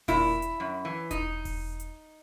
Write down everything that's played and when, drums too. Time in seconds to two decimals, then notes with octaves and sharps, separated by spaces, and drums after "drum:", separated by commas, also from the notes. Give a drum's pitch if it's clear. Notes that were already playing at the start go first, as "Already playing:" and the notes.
0.08 A#2 E4, drum: kick E1, open hi-hat
0.42 drum: hi-hat
0.60 F#2
0.85 E3
1.11 D#4, drum: kick E1, hi-hat
1.45 drum: kick E1, open hi-hat
1.80 drum: hi-hat